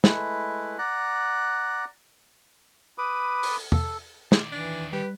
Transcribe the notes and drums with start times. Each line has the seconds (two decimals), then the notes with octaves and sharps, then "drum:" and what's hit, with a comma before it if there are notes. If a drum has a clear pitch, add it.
0.04 G#3 A3 E4 B4, drum: snare
0.78 D5 F#5 A#5 F#6
2.98 B4 B5 D6 D#6
3.43 drum: open hi-hat
3.72 A4, drum: tom
4.32 D#3 D5, drum: snare
4.52 E3 D4
4.93 G3 G4 B4